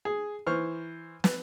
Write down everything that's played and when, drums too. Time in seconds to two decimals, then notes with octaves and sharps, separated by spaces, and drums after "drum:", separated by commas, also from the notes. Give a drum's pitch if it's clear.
0.05 G#4
0.47 E3 C5 C#6 F6
1.24 B4, drum: snare